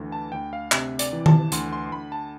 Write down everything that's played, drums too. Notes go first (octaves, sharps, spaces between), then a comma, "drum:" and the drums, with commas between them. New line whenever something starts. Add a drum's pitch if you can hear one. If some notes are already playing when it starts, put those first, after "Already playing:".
Already playing: D2 E3
A5
D2 G5
F5
C3 E5, drum: clap
D5, drum: hi-hat
E3
A5, drum: tom D#3
D2 C6, drum: hi-hat
C6
C6
D2 B5
A5